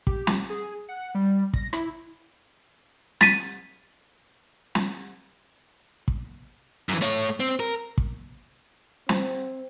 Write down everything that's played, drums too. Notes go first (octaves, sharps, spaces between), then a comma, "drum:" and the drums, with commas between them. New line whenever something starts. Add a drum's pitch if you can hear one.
G4, drum: kick
drum: snare
G#4
F#5
G3
A#6, drum: kick
E4, drum: rim click
A6 B6 D#7, drum: snare
drum: snare
drum: kick
F#2 E3
A3 C#5, drum: hi-hat
C4
A#4
drum: kick
C4, drum: snare